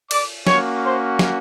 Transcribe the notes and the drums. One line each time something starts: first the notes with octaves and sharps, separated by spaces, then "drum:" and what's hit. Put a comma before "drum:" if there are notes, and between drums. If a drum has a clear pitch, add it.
D5 D6, drum: cymbal
A#3 C#4 F#4 C#5 C#6, drum: snare
C5 C6
drum: snare